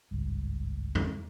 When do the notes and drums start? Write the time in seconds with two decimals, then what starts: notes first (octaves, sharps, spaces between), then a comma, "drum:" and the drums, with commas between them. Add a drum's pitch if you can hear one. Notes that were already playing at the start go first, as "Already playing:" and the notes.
0.11 G#1 C#2 G2
0.95 drum: tom E2